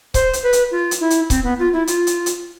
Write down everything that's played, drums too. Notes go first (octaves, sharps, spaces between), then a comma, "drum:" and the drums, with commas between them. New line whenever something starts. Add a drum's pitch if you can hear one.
C5, drum: kick C#1, hi-hat
drum: hi-hat
B4
drum: hi-hat
F4
drum: hi-hat
E4
drum: hi-hat
C4, drum: kick C#1, hi-hat
B3
F4
E4
F4, drum: hi-hat
drum: hi-hat
drum: hi-hat